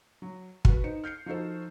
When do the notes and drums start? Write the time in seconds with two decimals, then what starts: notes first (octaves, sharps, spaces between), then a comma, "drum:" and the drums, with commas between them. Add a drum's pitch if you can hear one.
0.22 F#3
0.65 F#4 B4, drum: kick
0.84 D#4 C5 C#7
1.04 F6 G6 C7 C#7
1.26 F3 D#4 F#4 A4 C5